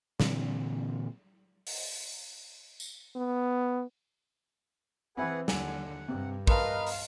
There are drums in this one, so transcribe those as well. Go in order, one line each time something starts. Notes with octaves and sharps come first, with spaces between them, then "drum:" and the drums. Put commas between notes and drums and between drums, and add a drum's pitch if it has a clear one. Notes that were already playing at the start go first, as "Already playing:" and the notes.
A#2 D3 E3 C4, drum: snare
drum: open hi-hat
drum: tambourine
B3
E3 C4 G#4 B4 E5 F#5
D#2 D3 F#5 G#5, drum: snare
G2 C3
A#4 B4 D#5 F5 A5 C6, drum: kick
drum: open hi-hat